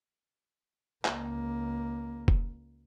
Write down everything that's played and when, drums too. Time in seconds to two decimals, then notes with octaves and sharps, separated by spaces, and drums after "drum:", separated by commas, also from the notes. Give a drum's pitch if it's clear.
1.05 C#2 A#3, drum: clap
2.28 drum: kick F1